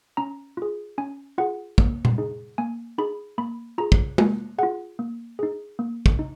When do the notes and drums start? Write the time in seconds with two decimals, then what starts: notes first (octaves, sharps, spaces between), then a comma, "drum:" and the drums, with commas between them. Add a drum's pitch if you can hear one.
0.17 C#4 A#5
0.57 F4 G#4
0.98 C#4 G#5
1.38 F4 G#4 F#5
1.78 A#3, drum: kick
2.05 drum: tom A#2
2.18 D#4 G#4
2.58 A#3 G#5
2.98 D#4 G#4 B5
3.38 A#3 B5
3.78 F4 G#4 A#5
3.92 drum: kick
4.18 A#3 G#5, drum: tom G#3
4.58 F4 G#4 F#5
4.99 A#3
5.39 D#4 G#4
5.79 A#3
6.06 drum: kick
6.19 D#4